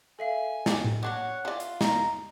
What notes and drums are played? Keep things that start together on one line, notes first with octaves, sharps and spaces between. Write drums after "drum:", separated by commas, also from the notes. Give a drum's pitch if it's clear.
A4 E5 F5 G#5
A#3 G4 G#4, drum: snare
drum: tom A2
A#3 D4 F#4 C#5 F#5
E4 F4 D5
drum: hi-hat
D#4 A#5, drum: snare